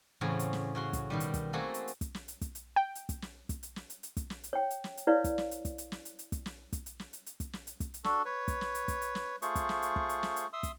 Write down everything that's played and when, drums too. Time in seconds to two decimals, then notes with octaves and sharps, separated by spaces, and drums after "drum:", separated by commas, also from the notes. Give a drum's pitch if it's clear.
0.21 E2 A2 C#3 C4 G#4
0.39 drum: hi-hat
0.53 drum: snare
0.75 C#3 F#4 C6
0.93 drum: kick, hi-hat
1.10 B2 D#3 G3
1.20 drum: hi-hat
1.34 drum: kick, hi-hat
1.53 A3 A#3 C4 F#4 G#4 A4
1.74 drum: hi-hat
1.88 drum: hi-hat
2.01 drum: kick, hi-hat
2.14 drum: snare
2.28 drum: hi-hat
2.41 drum: kick, hi-hat
2.55 drum: hi-hat
2.76 G5
2.95 drum: hi-hat
3.09 drum: kick, hi-hat
3.22 drum: snare
3.49 drum: kick, hi-hat
3.63 drum: hi-hat
3.76 drum: snare
3.90 drum: hi-hat
4.03 drum: hi-hat
4.17 drum: kick, hi-hat
4.30 drum: snare
4.44 drum: hi-hat
4.53 C#5 G5
4.70 drum: hi-hat
4.84 drum: snare
4.97 drum: hi-hat
5.07 E4 B4 C#5 D5 F5
5.24 drum: kick, hi-hat
5.38 drum: snare
5.51 drum: hi-hat
5.65 drum: kick, hi-hat
5.78 drum: hi-hat
5.92 drum: snare
6.05 drum: hi-hat
6.19 drum: hi-hat
6.32 drum: kick, hi-hat
6.46 drum: snare
6.73 drum: kick, hi-hat
6.86 drum: hi-hat
6.99 drum: snare
7.13 drum: hi-hat
7.26 drum: hi-hat
7.40 drum: kick, hi-hat
7.53 drum: snare
7.67 drum: hi-hat
7.80 drum: kick, hi-hat
7.94 drum: hi-hat
8.04 D4 F#4 A4, drum: snare
8.25 B4 C#5
8.48 drum: kick, hi-hat
8.61 drum: snare
8.75 drum: hi-hat
8.88 drum: kick, hi-hat
9.02 drum: hi-hat
9.15 drum: snare
9.42 A3 F4 G#4 C5 C#6, drum: hi-hat
9.55 drum: kick, hi-hat
9.69 drum: snare
9.82 drum: hi-hat
9.96 drum: kick
10.09 drum: hi-hat
10.23 drum: snare
10.36 drum: hi-hat
10.53 E5 C6 D#6 E6
10.63 drum: kick, hi-hat